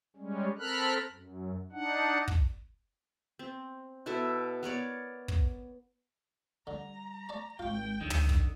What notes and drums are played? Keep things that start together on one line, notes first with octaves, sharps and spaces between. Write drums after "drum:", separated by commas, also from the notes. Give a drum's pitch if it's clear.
G3 G#3 C#4
C4 A4 A#4 B5 F6 F#6
F#2
D4 D#4 F#5
drum: kick
C4
B2 E4 A4 E5
B3 A#4 C#5 D5
drum: kick
D3 G3 A#5
D5 A5 C#6
G#1 G#3 F4 G5 C#6
D1 D3 D#3 E4
drum: tom
drum: kick